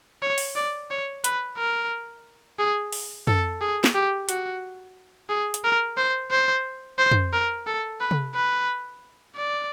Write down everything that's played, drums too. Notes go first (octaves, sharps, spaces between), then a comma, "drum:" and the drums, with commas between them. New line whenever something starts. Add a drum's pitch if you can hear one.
C#5
drum: open hi-hat
D5
C#5
B4, drum: hi-hat
A#4
G#4
drum: open hi-hat
A4, drum: tom
G#4
drum: snare
G4
F#4, drum: hi-hat
G#4
drum: hi-hat
A#4
C5
C5
C5
drum: tom
A#4
A4
B4
drum: tom C3
B4
D5